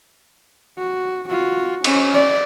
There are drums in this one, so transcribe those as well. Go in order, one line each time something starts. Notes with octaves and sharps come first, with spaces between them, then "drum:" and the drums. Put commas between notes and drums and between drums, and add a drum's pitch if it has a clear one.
F#4
F4 F#4
C#4, drum: cymbal
D5